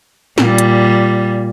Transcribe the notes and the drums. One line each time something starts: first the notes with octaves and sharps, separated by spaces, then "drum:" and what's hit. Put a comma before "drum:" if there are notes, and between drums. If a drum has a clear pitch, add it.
A#2 G3, drum: snare
drum: hi-hat